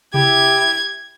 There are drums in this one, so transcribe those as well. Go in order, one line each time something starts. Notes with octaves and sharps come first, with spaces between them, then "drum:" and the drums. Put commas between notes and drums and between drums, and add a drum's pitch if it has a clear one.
E4 G4 G#6, drum: tom C3